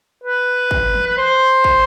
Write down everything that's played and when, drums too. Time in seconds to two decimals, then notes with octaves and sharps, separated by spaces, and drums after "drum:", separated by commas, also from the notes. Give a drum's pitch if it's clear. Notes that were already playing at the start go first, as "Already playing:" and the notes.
0.24 B4
0.71 drum: kick
0.94 drum: tom
1.07 B4
1.18 C5
1.64 drum: kick